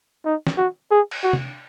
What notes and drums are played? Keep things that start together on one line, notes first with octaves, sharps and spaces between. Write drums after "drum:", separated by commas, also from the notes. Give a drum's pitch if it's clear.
D#4
drum: snare
F#4
G#4
drum: cymbal
F#4
drum: tom C3